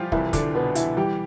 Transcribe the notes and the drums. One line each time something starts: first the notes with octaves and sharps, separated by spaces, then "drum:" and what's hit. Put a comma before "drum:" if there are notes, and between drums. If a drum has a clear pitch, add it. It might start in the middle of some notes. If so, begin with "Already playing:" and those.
Already playing: E3 F3 G3 F4 G4
C2 E3 E4, drum: kick
D3 D4, drum: kick, hi-hat
B2 B3
E3 E4, drum: hi-hat
E3 G3 G4